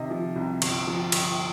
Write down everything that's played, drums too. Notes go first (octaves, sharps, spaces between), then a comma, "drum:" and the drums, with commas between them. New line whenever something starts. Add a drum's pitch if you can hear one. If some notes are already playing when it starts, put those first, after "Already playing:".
Already playing: C3 D#3 D#5
F3
C2
G1, drum: cymbal
F3
G1, drum: cymbal